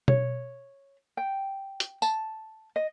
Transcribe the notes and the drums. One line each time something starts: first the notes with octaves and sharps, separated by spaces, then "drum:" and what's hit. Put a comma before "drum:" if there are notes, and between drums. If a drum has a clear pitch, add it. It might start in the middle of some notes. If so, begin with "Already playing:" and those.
C#5, drum: tom B2
G5
drum: hi-hat
A5, drum: tambourine
D#5